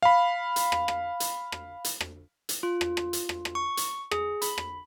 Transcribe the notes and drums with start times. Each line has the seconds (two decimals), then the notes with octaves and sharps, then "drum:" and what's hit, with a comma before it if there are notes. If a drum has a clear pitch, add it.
0.03 F5 B5
0.56 drum: hi-hat
0.72 drum: rim click
0.88 drum: rim click
1.20 drum: hi-hat
1.52 drum: rim click
1.84 drum: hi-hat
2.01 drum: rim click
2.49 drum: hi-hat
2.63 F4
2.81 drum: rim click
2.97 drum: rim click
3.13 drum: hi-hat
3.29 drum: rim click
3.45 drum: rim click
3.55 C#6
3.77 drum: hi-hat
4.11 G#4, drum: rim click
4.42 B5, drum: hi-hat
4.58 drum: rim click